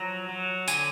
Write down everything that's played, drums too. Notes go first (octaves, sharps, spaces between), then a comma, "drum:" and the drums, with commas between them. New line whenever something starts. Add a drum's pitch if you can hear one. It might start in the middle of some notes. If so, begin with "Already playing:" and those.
Already playing: F3 F#3 A#5
F#3
D3 G#5, drum: tambourine